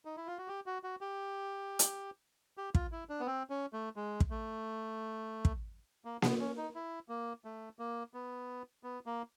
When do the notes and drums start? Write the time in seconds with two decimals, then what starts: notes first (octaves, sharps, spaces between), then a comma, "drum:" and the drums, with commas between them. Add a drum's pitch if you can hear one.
0.05 D#4
0.17 E4
0.27 F4
0.38 F#4
0.48 G4
0.66 F#4
0.83 F#4
1.01 G4
1.79 drum: hi-hat
2.57 G4
2.75 F4, drum: kick
2.92 E4
3.09 D4
3.20 B3
3.27 C4
3.50 C#4
3.73 A3
3.96 G#3
4.20 drum: kick
4.31 A3
5.45 drum: kick
6.05 A#3
6.22 B3, drum: snare A#3
6.39 C#4
6.57 D#4
6.75 E4
7.09 A#3
7.45 A3
7.79 A#3
8.14 B3
8.83 B3
9.06 A#3